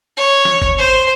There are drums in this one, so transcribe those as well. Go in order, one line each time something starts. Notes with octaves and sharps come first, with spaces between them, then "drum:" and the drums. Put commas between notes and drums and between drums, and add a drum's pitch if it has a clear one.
C#5
drum: snare
drum: kick G1
C5